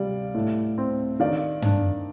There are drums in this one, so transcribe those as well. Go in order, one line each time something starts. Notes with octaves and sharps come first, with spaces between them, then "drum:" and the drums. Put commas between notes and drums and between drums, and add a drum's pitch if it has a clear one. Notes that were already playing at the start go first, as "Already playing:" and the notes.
Already playing: C3 G3 D5 F5
A2
C4
D#3 D5 F5
D4, drum: tom